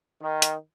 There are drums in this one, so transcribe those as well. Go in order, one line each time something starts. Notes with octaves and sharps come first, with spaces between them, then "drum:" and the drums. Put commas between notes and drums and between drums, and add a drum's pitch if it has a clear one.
D#3
drum: hi-hat